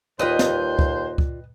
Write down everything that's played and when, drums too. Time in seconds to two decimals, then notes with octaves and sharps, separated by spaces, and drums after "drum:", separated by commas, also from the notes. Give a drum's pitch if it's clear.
0.19 D#2 F4 B4 C5 D5 D#5 G5
0.39 drum: snare
0.79 drum: kick
1.18 drum: kick